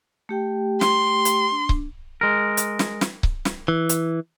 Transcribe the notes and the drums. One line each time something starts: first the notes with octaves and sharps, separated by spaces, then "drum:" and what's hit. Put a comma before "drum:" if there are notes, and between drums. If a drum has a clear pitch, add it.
A3 G4 G5
C6, drum: snare
drum: hi-hat
D4
drum: kick C#1
G#3 A#4
drum: hi-hat
drum: snare
drum: snare
drum: kick C#1
drum: snare
E3
drum: hi-hat